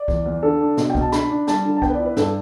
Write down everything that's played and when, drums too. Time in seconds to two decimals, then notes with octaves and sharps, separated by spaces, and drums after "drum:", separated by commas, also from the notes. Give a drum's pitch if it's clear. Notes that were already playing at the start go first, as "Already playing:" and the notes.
Already playing: D5
0.08 E2, drum: kick C2
0.26 E2
0.43 D3 A4
0.61 D4
0.77 B2, drum: snare
0.90 G5
0.95 B2, drum: kick C2
1.01 A5
1.12 D4 B5, drum: snare
1.30 D4
1.47 G3 A5, drum: snare
1.65 D3
1.77 A5
1.82 B3 G5, drum: kick C2
1.89 B4
1.94 D5
2.00 E4
2.06 B4
2.17 G2 A4, drum: snare